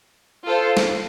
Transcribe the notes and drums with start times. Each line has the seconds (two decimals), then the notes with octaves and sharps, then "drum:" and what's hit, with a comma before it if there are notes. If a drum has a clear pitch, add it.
0.45 F4 A4 C5
0.77 drum: snare